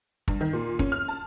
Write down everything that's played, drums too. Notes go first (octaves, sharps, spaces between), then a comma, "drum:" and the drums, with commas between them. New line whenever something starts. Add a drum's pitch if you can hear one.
G2, drum: kick
D#3
A#2
C#4, drum: kick
F6
A5